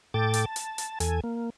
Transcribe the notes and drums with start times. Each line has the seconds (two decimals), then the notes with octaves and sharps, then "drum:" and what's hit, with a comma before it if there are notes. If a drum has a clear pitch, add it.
0.14 A2 A4 G5 D6 A6
0.34 drum: hi-hat
0.46 A5
0.56 drum: hi-hat
0.78 drum: hi-hat
1.00 E2 A4 G#5, drum: hi-hat
1.24 A#3